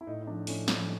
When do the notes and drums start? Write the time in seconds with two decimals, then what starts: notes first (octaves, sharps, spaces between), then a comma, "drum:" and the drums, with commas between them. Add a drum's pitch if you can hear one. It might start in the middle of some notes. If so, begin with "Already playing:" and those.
0.01 E4
0.07 A2 D#4
0.23 D#4
0.27 F3 D4
0.47 A2 C#4, drum: open hi-hat
0.68 F3 C4, drum: snare